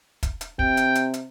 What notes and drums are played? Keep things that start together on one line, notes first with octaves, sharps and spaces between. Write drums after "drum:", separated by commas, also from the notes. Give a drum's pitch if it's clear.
drum: kick, hi-hat
drum: hi-hat
C3 G5, drum: kick
drum: hi-hat
drum: hi-hat
drum: hi-hat